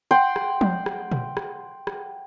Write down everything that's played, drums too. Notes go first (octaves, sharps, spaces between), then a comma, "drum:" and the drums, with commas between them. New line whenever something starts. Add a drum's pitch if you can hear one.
F#5 G5 C6
drum: rim click
drum: tom F3
drum: rim click
drum: tom A#2
drum: rim click
drum: rim click